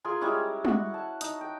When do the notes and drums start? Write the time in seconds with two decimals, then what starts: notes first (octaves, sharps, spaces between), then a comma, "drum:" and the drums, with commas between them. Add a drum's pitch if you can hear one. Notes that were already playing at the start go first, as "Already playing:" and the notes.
0.05 F4 G#4 A#4 C6
0.21 G3 G#3 C#4 E4
0.65 F#4 F#5, drum: tom
0.94 A5
1.21 D#4, drum: hi-hat
1.41 G5